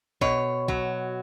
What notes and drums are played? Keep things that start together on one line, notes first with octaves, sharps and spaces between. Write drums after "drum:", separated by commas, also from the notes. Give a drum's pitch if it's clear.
B2 C#5, drum: kick B1
F#3, drum: kick B1